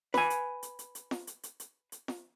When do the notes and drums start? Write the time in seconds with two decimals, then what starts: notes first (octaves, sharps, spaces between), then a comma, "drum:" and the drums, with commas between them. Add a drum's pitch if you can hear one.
0.14 B4 G#5, drum: snare
0.30 drum: hi-hat
0.63 drum: hi-hat
0.79 drum: hi-hat
0.95 drum: hi-hat
1.11 drum: snare
1.27 drum: hi-hat
1.43 drum: hi-hat
1.60 drum: hi-hat
1.92 drum: hi-hat
2.08 drum: snare